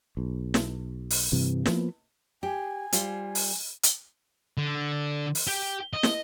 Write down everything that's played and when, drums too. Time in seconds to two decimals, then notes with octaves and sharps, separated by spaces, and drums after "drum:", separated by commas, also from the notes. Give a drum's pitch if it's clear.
0.17 B1
0.54 drum: snare
1.10 drum: open hi-hat
1.32 G2 C3 E3
1.66 F3 A#3 B3, drum: snare
2.43 G4 G#5
2.92 G3 F4 C5, drum: hi-hat
3.35 drum: open hi-hat
3.83 drum: hi-hat
4.58 D3
5.35 drum: open hi-hat
5.47 G4 G5
5.93 D#5
6.03 drum: snare